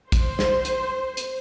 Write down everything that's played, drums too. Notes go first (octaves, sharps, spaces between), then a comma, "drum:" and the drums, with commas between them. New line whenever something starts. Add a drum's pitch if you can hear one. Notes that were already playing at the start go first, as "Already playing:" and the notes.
C5, drum: kick, hi-hat
drum: snare
drum: hi-hat
drum: hi-hat